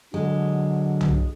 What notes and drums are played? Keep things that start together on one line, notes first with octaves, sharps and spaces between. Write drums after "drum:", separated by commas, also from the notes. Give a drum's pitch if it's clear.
D3 F#3 G#3
drum: tom